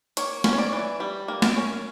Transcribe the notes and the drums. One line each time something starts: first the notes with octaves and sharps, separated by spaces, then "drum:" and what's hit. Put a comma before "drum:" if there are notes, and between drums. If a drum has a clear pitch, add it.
A#3 C#5, drum: hi-hat
C#4, drum: snare
C#5
D5
E3
G3
A#3
A#4, drum: snare
C#4